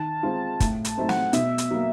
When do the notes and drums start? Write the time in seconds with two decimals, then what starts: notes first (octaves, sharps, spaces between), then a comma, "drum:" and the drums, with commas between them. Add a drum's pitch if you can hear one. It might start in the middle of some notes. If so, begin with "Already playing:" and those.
Already playing: D#3 A5
0.23 G#3 C4 F4
0.60 A2, drum: kick, hi-hat
0.85 A5, drum: hi-hat
0.97 F#3 A3 C4 D#4
1.09 F#5, drum: snare
1.33 B2 E5, drum: hi-hat
1.58 drum: hi-hat
1.71 F#3 A#3